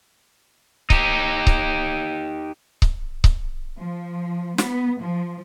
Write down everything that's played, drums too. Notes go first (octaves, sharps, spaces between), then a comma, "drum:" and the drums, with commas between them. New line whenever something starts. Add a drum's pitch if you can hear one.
D#4 G4, drum: kick C#1
drum: kick C#1
drum: kick C#1
drum: kick C#1
F3
B3, drum: snare
F3